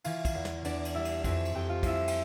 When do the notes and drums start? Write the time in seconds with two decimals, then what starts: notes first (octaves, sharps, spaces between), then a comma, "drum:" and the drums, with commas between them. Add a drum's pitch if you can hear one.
0.04 E3 F4 F5, drum: cymbal
0.25 drum: kick, cymbal
0.35 E2
0.45 drum: snare
0.65 E2 D4 D5, drum: cymbal
0.85 drum: cymbal
0.94 G3 E4 E5
1.05 drum: cymbal
1.24 F2 E4 E5, drum: kick, cymbal
1.45 drum: cymbal
1.55 F2 G4 G5
1.70 F4 F5
1.83 G3 E4 E5, drum: kick, cymbal
2.08 G5, drum: cymbal